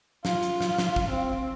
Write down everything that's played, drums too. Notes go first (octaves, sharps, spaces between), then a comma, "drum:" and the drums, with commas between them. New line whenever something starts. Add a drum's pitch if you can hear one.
F4, drum: snare
drum: hi-hat
drum: snare
drum: snare
drum: kick
C4